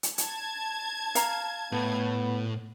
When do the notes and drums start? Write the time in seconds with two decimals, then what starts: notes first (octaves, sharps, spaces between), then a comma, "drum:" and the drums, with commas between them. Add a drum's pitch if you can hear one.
0.03 drum: hi-hat
0.18 A5 G#6, drum: hi-hat
1.15 F5 A#5, drum: hi-hat
1.72 A2 B3